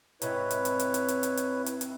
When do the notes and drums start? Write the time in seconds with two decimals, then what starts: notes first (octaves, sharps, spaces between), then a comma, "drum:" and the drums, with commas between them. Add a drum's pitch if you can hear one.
0.22 G#2 C3 E4 B4 C#5, drum: hi-hat
0.51 drum: hi-hat
0.65 drum: hi-hat
0.79 drum: hi-hat
0.94 drum: hi-hat
1.08 drum: hi-hat
1.23 drum: hi-hat
1.37 drum: hi-hat
1.66 drum: hi-hat
1.81 drum: hi-hat